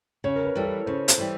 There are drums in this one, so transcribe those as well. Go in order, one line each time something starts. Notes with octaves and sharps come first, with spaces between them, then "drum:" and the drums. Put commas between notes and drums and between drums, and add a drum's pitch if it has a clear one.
C#3 C#5
A#4
B4
E3 G3 A4
A#4
C#3 C5
C5, drum: hi-hat
E3 G3